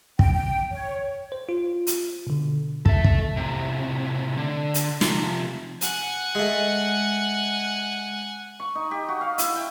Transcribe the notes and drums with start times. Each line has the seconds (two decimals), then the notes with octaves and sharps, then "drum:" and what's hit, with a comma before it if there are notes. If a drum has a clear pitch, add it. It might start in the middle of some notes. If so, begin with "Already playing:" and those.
0.19 G5, drum: kick
0.34 G5
0.71 C#5
1.32 C5
1.49 F4
1.87 drum: hi-hat
2.27 B2 D3
2.86 A4 E5, drum: kick
3.04 drum: kick
3.37 A2 C3
4.37 D3
4.74 drum: hi-hat
5.01 C3 F3, drum: snare
5.81 F#5 G#5, drum: hi-hat
6.35 G#3 A3
8.60 C#6
8.75 D#4
8.91 G4
9.09 F#4
9.21 F5
9.38 E4, drum: hi-hat
9.55 G5